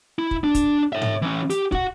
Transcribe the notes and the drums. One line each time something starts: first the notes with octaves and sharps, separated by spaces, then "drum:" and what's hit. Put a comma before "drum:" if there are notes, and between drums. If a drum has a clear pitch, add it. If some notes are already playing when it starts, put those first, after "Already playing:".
E4
drum: kick
D4
drum: kick, hi-hat
C#5 E5
drum: tom G#2
E3 C#4
G4, drum: hi-hat
F#4 F#5, drum: kick